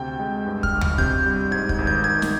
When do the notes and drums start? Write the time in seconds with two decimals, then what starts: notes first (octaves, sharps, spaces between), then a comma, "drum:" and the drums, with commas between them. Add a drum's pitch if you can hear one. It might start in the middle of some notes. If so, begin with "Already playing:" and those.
Already playing: D2 C3 G5
0.20 G#3
0.46 G2
0.63 F6, drum: kick
0.72 G1
0.81 F6, drum: tom D2
0.98 C3 G6, drum: kick
1.26 G3
1.51 G#2 G#6
1.69 G6, drum: kick
1.79 G#1
1.87 G6
2.04 D#3 G#6
2.22 drum: snare